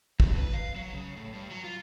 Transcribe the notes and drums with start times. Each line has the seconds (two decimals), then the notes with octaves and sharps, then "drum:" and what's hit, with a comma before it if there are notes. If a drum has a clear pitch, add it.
0.20 F2, drum: kick
0.37 B4
0.54 F5
0.76 F#3
0.93 C#3
1.16 A2
1.34 G2
1.51 F#3
1.64 F4